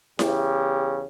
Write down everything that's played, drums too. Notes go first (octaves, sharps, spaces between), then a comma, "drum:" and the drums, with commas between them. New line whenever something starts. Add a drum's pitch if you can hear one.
E2 C#3 G4, drum: snare E4